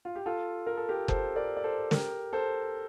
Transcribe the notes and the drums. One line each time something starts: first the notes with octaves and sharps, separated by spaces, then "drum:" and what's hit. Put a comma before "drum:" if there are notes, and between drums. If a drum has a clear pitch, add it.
F4
G4
F4 A4
A#4
A4
G4 A#4
A4 C5, drum: kick F#1
A#4 D5
D5
A4 C5
G4 A#4, drum: snare
A4 C5